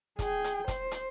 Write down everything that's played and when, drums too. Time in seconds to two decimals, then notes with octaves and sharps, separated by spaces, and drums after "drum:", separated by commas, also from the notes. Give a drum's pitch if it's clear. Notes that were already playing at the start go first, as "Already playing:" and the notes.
0.19 G#4 G5, drum: kick, hi-hat
0.44 drum: hi-hat
0.68 C5, drum: kick, hi-hat
0.91 drum: hi-hat